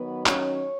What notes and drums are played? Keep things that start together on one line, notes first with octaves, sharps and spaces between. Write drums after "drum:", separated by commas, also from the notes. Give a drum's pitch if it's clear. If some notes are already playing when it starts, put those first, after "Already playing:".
Already playing: D#3 F#3 B3 B4
C#4 C#5, drum: clap